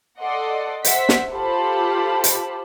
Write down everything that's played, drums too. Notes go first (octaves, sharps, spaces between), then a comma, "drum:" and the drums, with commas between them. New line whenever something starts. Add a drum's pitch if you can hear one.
A4 D5 D#5 F#5 C6
C5 E5 F#5 B6, drum: hi-hat
drum: snare
F4 G4 A4 C5 A5 B5
drum: hi-hat